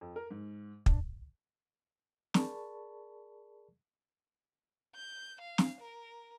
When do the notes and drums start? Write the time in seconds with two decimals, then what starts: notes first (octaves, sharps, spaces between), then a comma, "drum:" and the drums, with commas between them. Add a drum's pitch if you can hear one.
0.01 F2
0.16 A#4
0.31 G#2
0.86 D4, drum: kick
2.34 G#4 A#4 D5 A5 B5 C#6, drum: snare
4.95 G6
5.41 F5
5.58 drum: snare
5.81 A#4